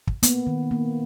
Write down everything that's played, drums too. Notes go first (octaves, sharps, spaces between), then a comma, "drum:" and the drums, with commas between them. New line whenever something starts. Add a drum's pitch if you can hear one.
drum: kick
A#3 B3, drum: hi-hat
D#3
A#3